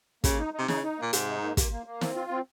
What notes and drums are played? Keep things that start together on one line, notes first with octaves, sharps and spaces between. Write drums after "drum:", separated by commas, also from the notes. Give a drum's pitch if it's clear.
C#3 A#3, drum: kick, hi-hat
D#4
D#4
C3
C#3 D#4, drum: snare
D#4
A#2 A#3
G#2 C3, drum: hi-hat
D#4
A#3
A#3, drum: kick, hi-hat
A#3
A#3
C4, drum: snare
F4
C4